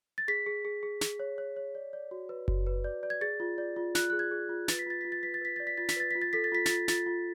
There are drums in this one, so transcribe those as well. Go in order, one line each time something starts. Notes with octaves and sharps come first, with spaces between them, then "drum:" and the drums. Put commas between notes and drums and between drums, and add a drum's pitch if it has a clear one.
A6
G#4 B6
G#4
G#4
G#4
G#4, drum: snare
C#5
C#5
C#5
D5
D5
F#4
B4
F#4, drum: kick F#1
B4
D5
D5
G#6
G#4 A6
F4
D5
F4
F4 F#6, drum: snare
G#4 F#6
G#6
G#4
F4
B4 A6, drum: snare
B6
F4 A6
F4 B6
A6
B4 B6
A6
B4 B6
D5 A6
B6
F4 A6
B6, drum: snare
B4 A6
F4 B6
A6
A4 B6
A6
F4 B6
F4 A6, drum: snare
F4 A6, drum: snare
F4